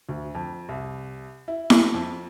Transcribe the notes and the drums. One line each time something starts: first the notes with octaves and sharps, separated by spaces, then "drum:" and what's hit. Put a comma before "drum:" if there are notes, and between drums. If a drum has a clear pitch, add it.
D2
F2
C2
E4
drum: snare E4
F2